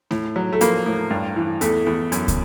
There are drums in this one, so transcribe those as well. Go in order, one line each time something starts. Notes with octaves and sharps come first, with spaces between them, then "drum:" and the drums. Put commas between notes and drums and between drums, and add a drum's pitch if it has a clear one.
A2, drum: snare A3
F#3
A3
F3 A#3, drum: hi-hat
A2
G2
E3
E2 A3, drum: hi-hat
E2
F#2, drum: hi-hat
drum: kick, hi-hat